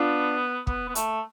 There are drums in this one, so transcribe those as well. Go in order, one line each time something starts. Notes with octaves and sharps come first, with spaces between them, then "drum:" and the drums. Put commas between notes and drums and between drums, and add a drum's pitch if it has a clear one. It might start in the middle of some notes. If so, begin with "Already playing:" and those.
Already playing: B3 D4 F4
B3, drum: kick
B3
A3, drum: hi-hat